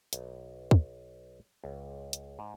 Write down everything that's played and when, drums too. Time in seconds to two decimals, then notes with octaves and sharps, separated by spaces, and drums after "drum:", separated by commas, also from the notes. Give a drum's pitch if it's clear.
0.13 B1, drum: hi-hat
0.71 drum: kick
1.64 C#2
2.13 drum: hi-hat
2.39 G#2